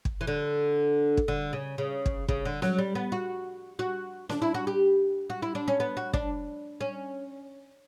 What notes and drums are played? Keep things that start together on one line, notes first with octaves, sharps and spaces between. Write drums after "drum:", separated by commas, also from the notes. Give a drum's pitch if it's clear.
drum: kick
E3
D3
drum: kick
D3
C#3
C#3
drum: kick
C#3, drum: kick
D3
F#3, drum: snare C#4
G3
B3
F#4
F#4
D4, drum: snare C#4
E4
F#4
G4
F#4
E4
D4
C#4
B3
F#4
D4, drum: kick
C#4